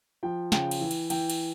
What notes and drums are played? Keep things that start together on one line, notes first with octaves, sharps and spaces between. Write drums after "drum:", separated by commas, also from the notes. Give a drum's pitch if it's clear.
F3 G5
C#3 G5, drum: snare
drum: cymbal
E3
drum: cymbal
E3 G5, drum: cymbal
drum: cymbal